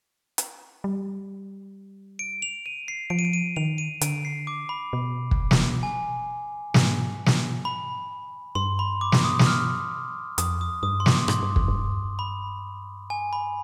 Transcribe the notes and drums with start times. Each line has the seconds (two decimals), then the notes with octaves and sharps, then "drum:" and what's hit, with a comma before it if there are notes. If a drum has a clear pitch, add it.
0.38 drum: hi-hat
0.84 G3
2.19 D7
2.42 F7
2.66 D#7
2.88 C7
3.10 F3 D7
3.19 D#7
3.25 D7
3.33 D#7
3.56 D#3 F7
3.78 D#7
4.01 D3 D7, drum: hi-hat
4.25 C7
4.47 D6
4.69 B5
4.93 B2
5.31 drum: kick
5.51 drum: snare
5.83 G#5
6.74 G#2, drum: snare
7.26 drum: snare
7.65 B5
8.55 G2 C6
8.79 B5
9.01 D6
9.12 drum: snare
9.24 D#6
9.39 D#6, drum: snare
9.47 F6
10.38 F2 D#6, drum: hi-hat
10.61 D#6
10.83 G2 D#6
11.00 C6
11.06 D6, drum: snare
11.28 G#2 C6, drum: rim click
11.43 G2
11.56 F2, drum: kick
11.68 G2
12.19 B5
13.10 G#5
13.33 B5